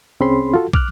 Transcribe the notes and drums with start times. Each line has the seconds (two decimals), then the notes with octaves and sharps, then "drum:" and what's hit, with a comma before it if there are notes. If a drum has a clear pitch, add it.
0.20 C2 C4 C#4 G#4 B5 C6
0.54 F4 F#4 A4
0.73 D6 F6 F#6, drum: kick